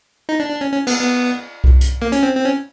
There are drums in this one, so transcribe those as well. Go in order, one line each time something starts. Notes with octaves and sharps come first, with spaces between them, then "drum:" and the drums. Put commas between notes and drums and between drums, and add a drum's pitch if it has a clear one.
D#4
D4
D4
C#4
C#4
B3, drum: cymbal
B3
drum: kick C2
drum: hi-hat
A#3
C#4, drum: hi-hat
C4
C4
C#4